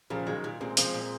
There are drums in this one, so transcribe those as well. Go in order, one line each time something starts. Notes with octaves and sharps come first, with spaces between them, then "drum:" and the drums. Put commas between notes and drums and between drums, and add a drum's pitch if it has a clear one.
A#2 C#3 F3
D#3 F#3 G#3
A#2
A#2 G#3 C4
F3 G#3 C4, drum: hi-hat
A#2